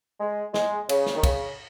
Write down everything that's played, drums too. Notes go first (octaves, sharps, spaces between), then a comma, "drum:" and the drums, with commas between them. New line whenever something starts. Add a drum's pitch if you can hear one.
G#3
G#3, drum: snare
C#3, drum: cymbal
drum: snare
D#3
C#3, drum: kick, cymbal